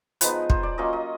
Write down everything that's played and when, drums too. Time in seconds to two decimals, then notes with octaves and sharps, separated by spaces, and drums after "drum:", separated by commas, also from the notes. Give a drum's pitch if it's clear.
0.21 F3 G#3 B3 D#4 B4, drum: hi-hat
0.50 C5, drum: kick
0.63 D5
0.78 F#3 A#3 C#4 F4 D#5
0.93 D#5